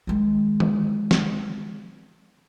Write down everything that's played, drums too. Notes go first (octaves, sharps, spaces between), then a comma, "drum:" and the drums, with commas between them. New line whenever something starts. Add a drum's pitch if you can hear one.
D#3 G#3
drum: tom D#3
drum: snare